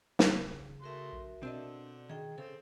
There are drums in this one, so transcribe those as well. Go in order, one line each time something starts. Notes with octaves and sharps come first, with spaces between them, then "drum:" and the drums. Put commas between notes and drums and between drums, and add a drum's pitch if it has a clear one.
C#3, drum: snare
A3 F#4 A#4 E5 C6
A#1
B2 D3 C4 D4 D#5
D#3 G#4 G5
C#3 C4 A4